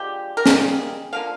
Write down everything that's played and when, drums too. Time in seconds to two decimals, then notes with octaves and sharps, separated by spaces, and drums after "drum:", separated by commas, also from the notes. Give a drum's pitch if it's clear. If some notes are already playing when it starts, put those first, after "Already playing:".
Already playing: D3 F3 G#3 G4
0.37 A#4
0.46 D#3 G3 A#3 G#4, drum: snare
1.13 D3 F3 A#3 F5